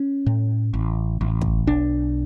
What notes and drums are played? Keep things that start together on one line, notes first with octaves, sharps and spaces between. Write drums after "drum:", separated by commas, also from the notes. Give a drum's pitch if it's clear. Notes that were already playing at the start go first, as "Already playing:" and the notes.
Already playing: C#4
A2
A1
A1
drum: kick
B1 D4